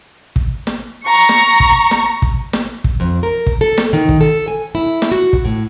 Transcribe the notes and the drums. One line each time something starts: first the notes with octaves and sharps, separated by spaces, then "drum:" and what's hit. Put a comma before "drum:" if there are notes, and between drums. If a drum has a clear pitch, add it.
drum: kick
drum: snare
A#5 C#6
drum: snare
drum: kick
drum: snare
drum: kick
drum: snare
drum: kick
F2
A#4
drum: kick
A4
drum: snare
D#3
drum: kick
A4
G#5
E4
drum: snare
F#4
drum: kick
A2